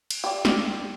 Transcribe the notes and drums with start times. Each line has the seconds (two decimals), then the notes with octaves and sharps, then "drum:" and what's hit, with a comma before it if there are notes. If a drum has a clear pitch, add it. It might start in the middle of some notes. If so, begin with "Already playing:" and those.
0.10 drum: cymbal
0.24 G4 D5
0.45 drum: snare